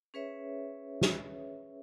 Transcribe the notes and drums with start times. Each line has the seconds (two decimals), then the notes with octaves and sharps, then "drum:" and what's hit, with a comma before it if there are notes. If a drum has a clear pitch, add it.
0.14 C#4 G#4 B4 C#5 E5
1.01 drum: snare